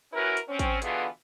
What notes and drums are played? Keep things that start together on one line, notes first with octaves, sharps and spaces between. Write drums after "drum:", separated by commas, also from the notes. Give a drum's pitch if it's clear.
C#4 E4 F#4 A#4 B4
drum: hi-hat
C4 C#4
drum: kick, hi-hat
B2 D3 E3 B3 F4 G#4, drum: hi-hat